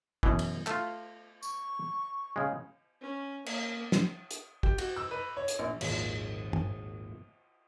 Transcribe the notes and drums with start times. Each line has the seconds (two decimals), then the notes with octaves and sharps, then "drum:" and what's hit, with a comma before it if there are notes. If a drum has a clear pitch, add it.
0.23 F#2 B2 E3, drum: kick
0.39 drum: cymbal
0.67 A3 F4, drum: clap
1.43 C#6, drum: tambourine
2.36 C#3 G#3
3.01 C#4
3.46 A#3, drum: cymbal
3.92 drum: snare
4.31 drum: hi-hat
4.63 G4, drum: kick
4.78 F#4, drum: cymbal
4.96 E6
5.11 B4
5.37 C#5
5.48 drum: hi-hat
5.59 A#1
5.81 G#1 D#2 A#2 F3 G#3 G#5, drum: cymbal
6.53 drum: tom